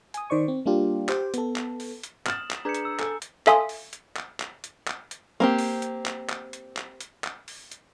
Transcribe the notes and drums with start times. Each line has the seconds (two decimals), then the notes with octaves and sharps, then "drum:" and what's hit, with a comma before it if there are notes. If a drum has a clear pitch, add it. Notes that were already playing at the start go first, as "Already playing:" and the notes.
0.14 G#5 D#6, drum: hi-hat
0.30 D#3 C5 D5 C#6
0.48 C4
0.66 G3 A#3 D4 F4 G4
1.09 G4 C5 G5, drum: clap
1.34 B3 A4, drum: hi-hat
1.56 drum: clap
1.80 drum: open hi-hat
2.03 drum: hi-hat
2.27 D#6 F6 A6 E7 F#7, drum: clap
2.51 drum: clap
2.65 D4 G#4 B4 A#5 G6 C#7
2.74 drum: hi-hat
2.85 E6
3.00 A4 G#5, drum: clap
3.22 drum: hi-hat
3.47 A4 E5 F5 G#5 C6 D#6, drum: clap
3.69 drum: open hi-hat
3.93 drum: hi-hat
4.16 drum: clap
4.40 drum: clap
4.64 drum: hi-hat
4.87 drum: clap
5.11 drum: hi-hat
5.40 A#3 C4 G4
5.58 drum: open hi-hat
5.82 drum: hi-hat
6.06 drum: clap
6.29 drum: clap
6.53 drum: hi-hat
6.77 drum: clap
7.00 drum: hi-hat
7.24 drum: clap
7.48 drum: open hi-hat
7.71 drum: hi-hat